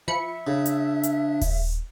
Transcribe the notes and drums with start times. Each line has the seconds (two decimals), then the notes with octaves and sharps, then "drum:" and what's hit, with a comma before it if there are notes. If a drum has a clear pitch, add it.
0.08 F3 E5 B5 C#7
0.47 C#3 D4
0.66 drum: hi-hat
1.03 drum: hi-hat
1.41 drum: kick D#1, open hi-hat